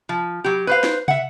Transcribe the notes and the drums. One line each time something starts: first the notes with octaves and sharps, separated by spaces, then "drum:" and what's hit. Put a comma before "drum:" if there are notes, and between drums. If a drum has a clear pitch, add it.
F3
F#3 G4
B4 C5 F5
drum: snare
E5 F#5, drum: tom